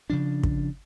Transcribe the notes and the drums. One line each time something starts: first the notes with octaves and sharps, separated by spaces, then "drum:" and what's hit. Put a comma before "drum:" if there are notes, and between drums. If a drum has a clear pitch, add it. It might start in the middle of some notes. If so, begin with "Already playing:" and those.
C#3 F3 D4
drum: kick